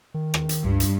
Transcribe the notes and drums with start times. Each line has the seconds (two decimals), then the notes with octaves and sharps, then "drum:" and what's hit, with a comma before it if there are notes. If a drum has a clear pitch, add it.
0.14 D#3
0.34 drum: rim click
0.49 drum: hi-hat
0.64 C#2 G2
0.80 drum: hi-hat